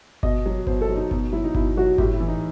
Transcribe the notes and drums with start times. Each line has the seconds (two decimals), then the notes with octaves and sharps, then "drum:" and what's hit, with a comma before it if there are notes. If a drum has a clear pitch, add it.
0.23 B2 D#5, drum: kick G1
0.46 F#3
0.67 B2 C5, drum: kick G1
0.82 A4
0.89 F#3
0.96 D#4
1.11 B2 D#4, drum: kick G1
1.32 F#3 E4
1.44 D#4
1.55 B2 E4, drum: kick G1
1.77 F#3 F#4
1.98 A2 G4, drum: kick G1
2.14 E4
2.20 E3
2.28 D#4